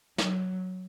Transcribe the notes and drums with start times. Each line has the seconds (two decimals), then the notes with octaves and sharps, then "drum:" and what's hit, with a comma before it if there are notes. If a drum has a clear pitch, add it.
0.18 F#3, drum: snare